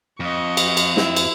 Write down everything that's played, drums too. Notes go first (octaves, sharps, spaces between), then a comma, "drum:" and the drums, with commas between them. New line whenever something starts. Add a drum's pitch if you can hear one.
F2 D#5 C#6
drum: cymbal
drum: cymbal
E4 E5, drum: snare
drum: cymbal